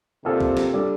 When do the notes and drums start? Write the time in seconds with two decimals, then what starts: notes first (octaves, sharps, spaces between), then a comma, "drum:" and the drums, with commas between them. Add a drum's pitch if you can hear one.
0.24 C3 A#3 F4 A4 D5
0.41 drum: kick
0.57 drum: snare
0.73 G3 D4 A4 D5